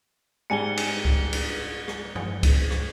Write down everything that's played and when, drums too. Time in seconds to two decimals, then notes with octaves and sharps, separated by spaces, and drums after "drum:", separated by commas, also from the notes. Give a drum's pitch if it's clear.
0.50 G#2 G3 G#5 C#7 G7
0.77 drum: cymbal
1.05 drum: kick C#2
1.33 drum: cymbal
1.88 drum: rim click
2.15 drum: tom G2
2.43 drum: kick C#2, cymbal
2.71 drum: rim click